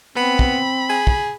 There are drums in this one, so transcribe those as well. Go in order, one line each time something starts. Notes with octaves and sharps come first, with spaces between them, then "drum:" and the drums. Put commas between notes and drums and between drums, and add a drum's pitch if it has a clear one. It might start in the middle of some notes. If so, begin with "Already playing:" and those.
B3 C4 B5
drum: kick
G#4
drum: kick